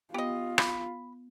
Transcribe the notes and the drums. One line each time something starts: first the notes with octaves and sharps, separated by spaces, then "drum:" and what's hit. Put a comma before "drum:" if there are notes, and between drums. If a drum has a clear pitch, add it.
B3 F4 G4 D#5
B5, drum: rim click